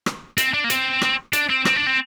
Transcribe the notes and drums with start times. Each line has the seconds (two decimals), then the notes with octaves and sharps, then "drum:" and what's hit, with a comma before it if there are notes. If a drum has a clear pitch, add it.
0.06 drum: rim click
0.38 C4, drum: hi-hat
0.54 D4
0.64 A#3
0.70 C4, drum: hi-hat
1.02 drum: rim click
1.33 D4, drum: hi-hat
1.50 C4
1.65 C4, drum: rim click
1.76 D4
1.86 C4